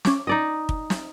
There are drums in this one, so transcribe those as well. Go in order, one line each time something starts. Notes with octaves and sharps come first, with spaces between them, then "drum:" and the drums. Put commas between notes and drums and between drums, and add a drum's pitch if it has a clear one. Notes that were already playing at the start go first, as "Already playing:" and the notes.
C#4 D6, drum: snare
D#4 D5 D#5
drum: kick
drum: snare